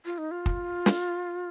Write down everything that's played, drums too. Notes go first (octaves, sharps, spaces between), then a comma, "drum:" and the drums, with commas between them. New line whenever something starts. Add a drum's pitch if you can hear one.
F4
D#4
F4
drum: kick
drum: snare